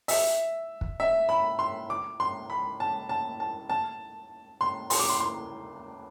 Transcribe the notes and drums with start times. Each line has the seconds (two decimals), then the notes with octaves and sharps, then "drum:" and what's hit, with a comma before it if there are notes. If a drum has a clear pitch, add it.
0.08 E5, drum: open hi-hat
0.81 drum: kick
1.00 E5
1.29 B5
1.59 C6
1.90 D6
2.20 C6
2.50 B5
2.80 A5
3.09 A5
3.40 A5
3.70 A5
4.61 C6
4.90 C6, drum: open hi-hat
5.00 D6
5.10 C6
5.20 C6